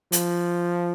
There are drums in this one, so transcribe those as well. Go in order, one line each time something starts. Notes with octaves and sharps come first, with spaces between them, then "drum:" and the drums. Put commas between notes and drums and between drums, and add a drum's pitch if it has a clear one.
F3, drum: hi-hat